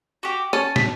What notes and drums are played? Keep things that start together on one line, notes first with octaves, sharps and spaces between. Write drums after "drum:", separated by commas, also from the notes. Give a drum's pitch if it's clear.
F#4 G4
C#4 A5 D#7
B6, drum: snare